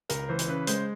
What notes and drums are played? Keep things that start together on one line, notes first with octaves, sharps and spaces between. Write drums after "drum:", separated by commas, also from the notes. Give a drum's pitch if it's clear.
C#2 A#4, drum: hi-hat
E3 C5
drum: hi-hat
C#3 B4
G#3 C5, drum: hi-hat